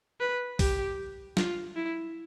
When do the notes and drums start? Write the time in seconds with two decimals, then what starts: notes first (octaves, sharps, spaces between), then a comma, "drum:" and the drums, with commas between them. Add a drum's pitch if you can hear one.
0.20 B4
0.59 G4, drum: kick B1, open hi-hat
1.37 F4, drum: snare
1.76 E4